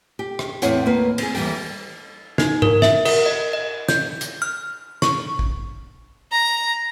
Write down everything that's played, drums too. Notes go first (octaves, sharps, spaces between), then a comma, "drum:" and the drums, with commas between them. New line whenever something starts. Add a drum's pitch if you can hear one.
G4
drum: rim click
E2 A2 C4 E4 C#5 F#5, drum: hi-hat
D#2 A#3 B4
C4 G#4, drum: cymbal
D#2 E3 G3 G4 G5, drum: open hi-hat
D#4, drum: snare
A#4, drum: tom G#2
E5, drum: snare
A#4, drum: cymbal
D#5
D#5
G6, drum: snare
drum: hi-hat
F6
C#6, drum: snare
drum: kick
A#5